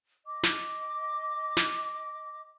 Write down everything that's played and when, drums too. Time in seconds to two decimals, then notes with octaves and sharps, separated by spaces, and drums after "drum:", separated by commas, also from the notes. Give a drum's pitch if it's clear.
0.25 D#5 D6
0.43 drum: snare
1.57 drum: snare